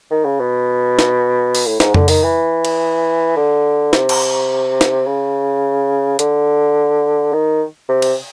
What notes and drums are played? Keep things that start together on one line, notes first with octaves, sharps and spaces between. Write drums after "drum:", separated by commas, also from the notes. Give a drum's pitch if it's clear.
D#3
C#3
B2
drum: snare
drum: open hi-hat
A2
G#2, drum: snare
D3, drum: tom F2
D#3, drum: open hi-hat
E3
drum: cymbal
D3
C3, drum: snare
drum: cymbal
drum: snare
C#3
D3, drum: hi-hat
D#3
C3
drum: cymbal